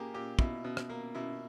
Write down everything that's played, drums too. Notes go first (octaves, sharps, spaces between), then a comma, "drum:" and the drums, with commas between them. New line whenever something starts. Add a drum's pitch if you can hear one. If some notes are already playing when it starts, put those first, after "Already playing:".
Already playing: A#2 A#3 G4 G#4
A#2 G4
B2 E4, drum: kick
B2
drum: rim click
A#3
B2 E4